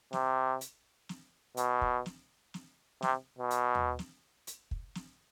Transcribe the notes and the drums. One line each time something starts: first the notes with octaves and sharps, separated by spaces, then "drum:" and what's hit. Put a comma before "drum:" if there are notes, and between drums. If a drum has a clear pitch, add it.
C3, drum: snare
drum: hi-hat
drum: snare
B2, drum: hi-hat
drum: kick
drum: snare
drum: snare
C3, drum: snare
B2
drum: hi-hat
drum: tom D#2
drum: snare
drum: hi-hat
drum: kick
drum: snare